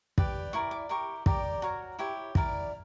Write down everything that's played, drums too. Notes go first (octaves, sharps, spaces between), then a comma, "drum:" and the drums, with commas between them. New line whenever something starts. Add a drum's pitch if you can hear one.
G4 B4 D5, drum: kick
E4 A#4 D5 C#6
D6
E4 G4 A#4 C#6
G4 A#4 D5, drum: kick
F#4 A#4 C#5 A#5
E4 G4 C#5
E4 A#4 D5, drum: kick